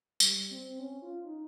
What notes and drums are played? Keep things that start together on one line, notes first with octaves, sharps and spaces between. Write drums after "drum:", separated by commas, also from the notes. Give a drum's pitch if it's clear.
G3, drum: tambourine
C4
C#4
F4
D#4